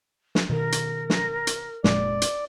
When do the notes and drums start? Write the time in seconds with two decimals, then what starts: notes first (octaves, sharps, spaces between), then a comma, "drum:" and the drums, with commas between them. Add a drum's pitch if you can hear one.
0.35 drum: snare
0.50 B2 D#3 A#4
0.72 drum: hi-hat
1.10 drum: snare
1.47 drum: hi-hat
1.84 F1 A#2 G#3 D5, drum: snare
2.22 drum: hi-hat